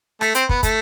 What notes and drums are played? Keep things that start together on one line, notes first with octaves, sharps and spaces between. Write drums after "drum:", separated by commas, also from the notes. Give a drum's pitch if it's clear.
A3, drum: rim click
C4, drum: hi-hat
B3, drum: kick
A3, drum: kick, hi-hat